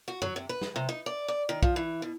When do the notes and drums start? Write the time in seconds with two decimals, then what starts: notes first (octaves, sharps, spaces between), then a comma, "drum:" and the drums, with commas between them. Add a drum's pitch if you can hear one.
0.08 F#4
0.22 F#3, drum: tom F#2
0.36 C3
0.49 B4
0.61 drum: snare
0.76 C3
0.89 D#4
1.06 D5
1.28 D5
1.49 D#3
1.63 F3, drum: kick
1.76 E3
2.02 B2